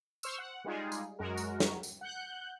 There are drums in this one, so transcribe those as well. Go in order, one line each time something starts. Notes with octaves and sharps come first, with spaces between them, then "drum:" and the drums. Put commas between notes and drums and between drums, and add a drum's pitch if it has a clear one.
C5 C#6 E6 F6, drum: tambourine
F#5
G3 G#3 D#4 F4 G#4
drum: tambourine
F#2 G#3 F#4 A#4
drum: tambourine
drum: snare
drum: tambourine
F#5 F#6 G6